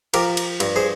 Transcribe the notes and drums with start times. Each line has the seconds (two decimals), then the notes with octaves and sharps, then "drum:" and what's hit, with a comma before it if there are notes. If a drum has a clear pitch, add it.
0.14 F3 G4 A#4, drum: cymbal
0.37 drum: cymbal
0.60 G2, drum: cymbal
0.76 G#4 C5